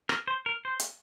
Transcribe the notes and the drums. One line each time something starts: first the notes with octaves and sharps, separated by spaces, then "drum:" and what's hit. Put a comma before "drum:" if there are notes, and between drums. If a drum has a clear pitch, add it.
A#4, drum: rim click
C5
A#4
C5
drum: hi-hat